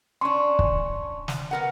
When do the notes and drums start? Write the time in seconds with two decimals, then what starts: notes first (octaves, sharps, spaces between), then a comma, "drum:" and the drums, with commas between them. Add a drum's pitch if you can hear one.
0.21 C#4 D4 C6 C#6
0.59 drum: kick
1.28 drum: snare
1.51 B3 A#4 F#5